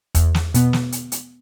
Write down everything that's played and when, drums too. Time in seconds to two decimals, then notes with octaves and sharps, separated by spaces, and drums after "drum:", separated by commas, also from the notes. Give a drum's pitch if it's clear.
0.15 E2, drum: kick, hi-hat
0.34 drum: snare
0.54 B2 B3, drum: hi-hat
0.73 drum: snare
0.92 drum: hi-hat
1.12 drum: hi-hat